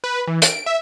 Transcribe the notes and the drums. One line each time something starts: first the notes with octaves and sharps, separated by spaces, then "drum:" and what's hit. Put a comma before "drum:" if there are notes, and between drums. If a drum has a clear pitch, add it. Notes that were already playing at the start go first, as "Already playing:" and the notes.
B4
E3
D7, drum: hi-hat
E5